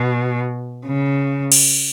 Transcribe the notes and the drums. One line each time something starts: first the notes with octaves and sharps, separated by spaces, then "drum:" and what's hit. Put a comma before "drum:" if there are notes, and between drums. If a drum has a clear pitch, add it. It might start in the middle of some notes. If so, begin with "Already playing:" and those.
Already playing: B2
C#3
drum: cymbal